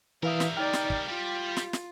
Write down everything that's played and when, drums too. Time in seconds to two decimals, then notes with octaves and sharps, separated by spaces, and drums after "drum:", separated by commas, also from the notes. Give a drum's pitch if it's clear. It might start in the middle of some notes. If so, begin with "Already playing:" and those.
0.23 E3 G3 A#4 E5 F5 D#6
0.40 drum: snare
0.57 D#4 D5 G5 F6
0.73 drum: snare
0.90 drum: kick
1.08 G3 F4 G4
1.57 drum: snare
1.73 drum: snare